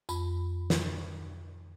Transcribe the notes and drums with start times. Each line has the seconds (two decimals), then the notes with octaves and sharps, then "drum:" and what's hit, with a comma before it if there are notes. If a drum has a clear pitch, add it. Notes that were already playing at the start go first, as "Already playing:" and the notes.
0.09 F2 B5, drum: tambourine
0.70 drum: snare